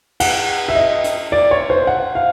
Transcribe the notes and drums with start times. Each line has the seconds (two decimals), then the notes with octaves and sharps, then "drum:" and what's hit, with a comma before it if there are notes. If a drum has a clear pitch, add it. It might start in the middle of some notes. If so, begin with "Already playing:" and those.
0.20 F#5, drum: cymbal
0.69 E5
0.75 D#5
1.04 drum: hi-hat
1.32 D5
1.51 C#5
1.70 C5
1.87 F#5
2.15 F5